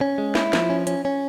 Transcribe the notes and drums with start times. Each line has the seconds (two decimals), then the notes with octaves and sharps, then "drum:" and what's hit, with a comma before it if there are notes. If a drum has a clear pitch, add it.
0.01 C#4
0.18 G#3
0.35 E4, drum: snare
0.53 F3, drum: snare
0.70 C#4
0.87 C#4, drum: hi-hat
1.05 C#4